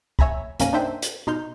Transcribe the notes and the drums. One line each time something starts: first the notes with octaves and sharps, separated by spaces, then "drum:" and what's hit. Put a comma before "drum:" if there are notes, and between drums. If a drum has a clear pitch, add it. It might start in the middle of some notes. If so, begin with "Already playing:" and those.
C#5 E5 G#5 A#5 B5, drum: kick
B1 F#2 A#3 C#4 A#5 D#7, drum: hi-hat
D4 D#4 C5 E5 G5
drum: hi-hat
B2 D#4 C6 F6 G6